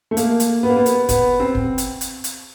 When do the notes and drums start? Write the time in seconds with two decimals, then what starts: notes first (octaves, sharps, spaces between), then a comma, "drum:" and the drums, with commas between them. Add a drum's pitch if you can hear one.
0.11 A3
0.17 A#3, drum: hi-hat
0.40 drum: hi-hat
0.63 B3
0.70 A#3
0.76 B3
0.86 drum: hi-hat
1.09 B3, drum: kick G1, hi-hat
1.40 C4
1.55 drum: kick G1
1.78 drum: hi-hat
2.01 drum: hi-hat
2.24 drum: hi-hat